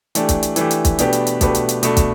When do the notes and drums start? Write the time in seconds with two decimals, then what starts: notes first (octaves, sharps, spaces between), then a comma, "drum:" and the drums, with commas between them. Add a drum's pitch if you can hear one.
0.15 E3 A3 D4 G4, drum: hi-hat
0.29 drum: kick, hi-hat
0.43 drum: hi-hat
0.56 E3 A3 D4 G4, drum: hi-hat
0.71 drum: hi-hat
0.85 drum: kick, hi-hat
0.99 B2 A3 D4 G4 B4, drum: hi-hat
1.13 drum: hi-hat
1.27 drum: hi-hat
1.41 B2 A3 D4 G4 B4, drum: kick, hi-hat
1.55 drum: hi-hat
1.69 drum: hi-hat
1.83 B2 A3 D4, drum: hi-hat
1.97 drum: kick, hi-hat